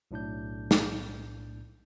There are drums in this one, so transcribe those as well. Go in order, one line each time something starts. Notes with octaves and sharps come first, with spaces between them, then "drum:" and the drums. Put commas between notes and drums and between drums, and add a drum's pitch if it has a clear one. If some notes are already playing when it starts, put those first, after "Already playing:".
B1 A2 D4 G6
drum: snare